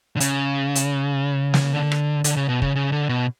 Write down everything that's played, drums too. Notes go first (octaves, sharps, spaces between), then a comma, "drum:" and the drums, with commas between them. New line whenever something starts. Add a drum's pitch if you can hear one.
D3
C#3, drum: hi-hat
drum: hi-hat
drum: snare
D3
drum: rim click
D3, drum: hi-hat
C#3
B2
C#3, drum: kick
C#3
D3
B2